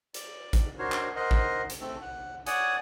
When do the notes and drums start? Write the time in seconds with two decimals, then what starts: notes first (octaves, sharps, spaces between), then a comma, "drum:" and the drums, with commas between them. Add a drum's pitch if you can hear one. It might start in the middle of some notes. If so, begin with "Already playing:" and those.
0.14 D5, drum: hi-hat
0.53 drum: kick, hi-hat
0.79 D4 D#4 F#4 A#4 C5 C#5
0.92 drum: clap
1.16 A#4 C5 D#5 F#5
1.31 drum: kick
1.70 drum: hi-hat
1.81 A3 C4 A4
2.01 F#5
2.46 C#5 D5 F#5 G#5 D#6, drum: hi-hat